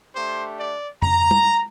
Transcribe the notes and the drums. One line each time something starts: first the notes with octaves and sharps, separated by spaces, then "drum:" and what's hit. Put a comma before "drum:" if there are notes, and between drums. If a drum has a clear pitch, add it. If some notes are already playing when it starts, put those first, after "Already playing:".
A3 D4 G4 C5
D5
A#5, drum: tom F2
drum: tom G3